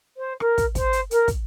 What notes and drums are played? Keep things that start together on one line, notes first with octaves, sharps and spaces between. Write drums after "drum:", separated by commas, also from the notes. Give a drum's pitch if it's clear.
C5
A#4, drum: rim click
drum: kick, hi-hat
C5, drum: kick, hi-hat
drum: hi-hat
A#4, drum: hi-hat
drum: kick, hi-hat